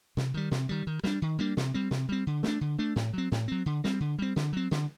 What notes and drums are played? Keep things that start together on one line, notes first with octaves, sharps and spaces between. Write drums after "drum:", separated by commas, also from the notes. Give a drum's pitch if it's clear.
C3, drum: snare
D#3 G3
C3, drum: snare
D#3 G3
D#3
G3 A#3 D4, drum: snare
D#3
G3 A#3 D4
C3, drum: snare
G3 C4
C3, drum: snare
G3 C4
D3
A3 D4, drum: snare
D3
A3 D4
A2, drum: snare
F#3 C4
A2, drum: snare
F#3 C4
D3
G3 C4, drum: snare
D3
G3 C4
D3, drum: snare
F#3 C4
D3, drum: snare